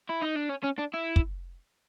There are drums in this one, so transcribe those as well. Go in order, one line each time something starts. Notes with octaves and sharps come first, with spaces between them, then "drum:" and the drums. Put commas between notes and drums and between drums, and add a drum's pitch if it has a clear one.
E4
D#4
D4
C#4
C#4
D4
E4
drum: kick